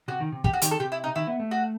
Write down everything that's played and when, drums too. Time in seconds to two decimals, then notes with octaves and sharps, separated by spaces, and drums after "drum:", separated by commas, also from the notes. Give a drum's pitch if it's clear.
0.08 C3 F#4
0.20 D#3
0.32 C3
0.44 G4, drum: kick
0.53 F#4
0.62 D#3 G4, drum: hi-hat
0.71 A4
0.80 C3 G4
0.92 E4
1.04 D#4
1.16 D#3 E4
1.27 B3
1.40 A3
1.51 F#4